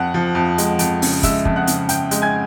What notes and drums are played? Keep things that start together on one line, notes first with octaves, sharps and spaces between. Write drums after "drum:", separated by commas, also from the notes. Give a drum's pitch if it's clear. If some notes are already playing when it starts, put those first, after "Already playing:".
Already playing: F2 F#5 F#6
F3
F2
G#3, drum: hi-hat
F2, drum: hi-hat
C#3, drum: open hi-hat
G#3 E5 E6, drum: kick, hi-hat
F2, drum: kick
F#5 F#6
C#3, drum: hi-hat
F2 G5 G6, drum: hi-hat
G#3, drum: hi-hat
G#5 G#6